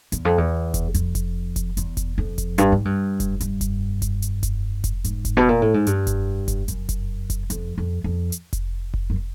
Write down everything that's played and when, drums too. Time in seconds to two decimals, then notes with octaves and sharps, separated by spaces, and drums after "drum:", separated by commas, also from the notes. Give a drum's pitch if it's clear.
0.12 E2, drum: hi-hat
0.25 F2
0.38 E2
0.74 drum: kick F1, hi-hat
0.94 F2, drum: hi-hat
1.15 drum: kick F1, hi-hat
1.56 drum: kick F1, hi-hat
1.77 E2, drum: hi-hat
1.97 drum: kick F1, hi-hat
2.18 F2
2.38 drum: kick F1, hi-hat
2.58 G2, drum: hi-hat
2.72 G#2
2.85 G2
3.20 drum: kick F1, hi-hat
3.40 G2, drum: hi-hat
3.61 drum: kick F1, hi-hat
4.02 drum: kick F1, hi-hat
4.22 drum: hi-hat
4.43 drum: kick F1, hi-hat
4.84 drum: kick F1, hi-hat
5.04 G#2, drum: hi-hat
5.25 drum: kick F1, hi-hat
5.37 B2
5.49 A#2
5.62 A2
5.74 G#2
5.87 G2, drum: hi-hat
6.07 drum: kick F1, hi-hat
6.48 drum: kick F1, hi-hat
6.68 F#2, drum: hi-hat
6.89 drum: kick F1, hi-hat
7.30 drum: kick F1, hi-hat
7.50 F2, drum: hi-hat
7.78 F2
8.04 F2
8.32 drum: hi-hat
8.53 drum: kick F1, hi-hat
8.94 drum: kick F1
9.10 F#2